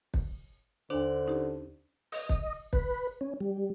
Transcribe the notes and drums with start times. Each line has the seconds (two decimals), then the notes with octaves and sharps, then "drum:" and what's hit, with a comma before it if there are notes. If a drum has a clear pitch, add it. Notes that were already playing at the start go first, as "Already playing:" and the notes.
0.14 drum: kick
0.90 D#2 D3 D4 C5
1.26 C#4 D#4 G4
2.12 D#5, drum: open hi-hat
2.29 drum: kick
2.73 B4, drum: kick
3.21 C#4
3.40 G3